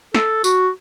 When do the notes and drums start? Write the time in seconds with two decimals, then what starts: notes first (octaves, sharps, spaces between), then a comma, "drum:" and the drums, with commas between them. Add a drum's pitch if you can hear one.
0.15 A4, drum: snare
0.44 F#4, drum: tambourine